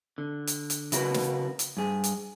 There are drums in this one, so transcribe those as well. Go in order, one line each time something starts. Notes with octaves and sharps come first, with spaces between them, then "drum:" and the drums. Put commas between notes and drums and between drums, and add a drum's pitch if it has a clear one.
D3
drum: hi-hat
drum: hi-hat
C#3 E4 F#4 G4 A#4 B4, drum: hi-hat
drum: snare
drum: hi-hat
G2 G#4
drum: hi-hat